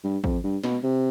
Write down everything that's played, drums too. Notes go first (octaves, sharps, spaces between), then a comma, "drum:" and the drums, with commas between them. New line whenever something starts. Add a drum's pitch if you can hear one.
G2
F2, drum: kick
G2
B2, drum: snare
C3